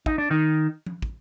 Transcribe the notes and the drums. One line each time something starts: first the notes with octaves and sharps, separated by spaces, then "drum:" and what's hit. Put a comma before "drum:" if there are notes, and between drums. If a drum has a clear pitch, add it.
D#4, drum: kick
D4
D#3 D#4
drum: tom F3
drum: kick